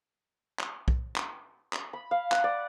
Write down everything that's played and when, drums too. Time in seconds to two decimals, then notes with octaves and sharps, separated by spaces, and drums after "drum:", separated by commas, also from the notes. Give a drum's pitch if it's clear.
0.59 drum: clap
0.88 drum: kick B1
1.16 drum: clap
1.73 drum: clap
1.93 B5
2.11 F5
2.32 F#5, drum: clap
2.44 D5